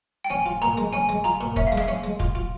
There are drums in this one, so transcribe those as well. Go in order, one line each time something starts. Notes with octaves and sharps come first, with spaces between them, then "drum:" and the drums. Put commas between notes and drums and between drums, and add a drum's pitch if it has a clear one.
G5
C#4 G#5
F4
A#2 A#5
G#3
C#4 G#5
G#3
F4 A#5
A#2
C#4 E5, drum: kick
F5
G#3
E5, drum: rim click
C#4
G#3
F4, drum: kick
F4